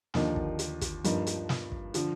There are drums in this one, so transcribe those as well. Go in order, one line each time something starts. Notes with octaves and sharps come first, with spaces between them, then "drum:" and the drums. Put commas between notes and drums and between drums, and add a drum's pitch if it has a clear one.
D#2 D3 F3 A#3 D#4, drum: snare
drum: kick
drum: hi-hat
drum: kick, hi-hat
G2 F3 A#3 D#4, drum: hi-hat
drum: hi-hat
drum: snare
drum: kick
D3 F3, drum: hi-hat